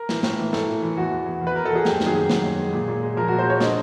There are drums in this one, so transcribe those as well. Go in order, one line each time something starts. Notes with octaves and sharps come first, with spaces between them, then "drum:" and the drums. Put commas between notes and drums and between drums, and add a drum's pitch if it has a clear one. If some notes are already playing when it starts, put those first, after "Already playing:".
Already playing: A#4
E3, drum: snare
A2, drum: snare
E3
A2 A4, drum: snare
E3
E3
E2 F#4
E2
E2
E2
B4
E2 A#4
A4
E2
G#4
F#2 G4, drum: snare
D#3, drum: snare
G#4
F#2
F#2, drum: snare
F#2
G#3
A#2
A#2
G#3
F3 A#4
A#2 F#4
C5
G#3 C#5
D3 D#5, drum: snare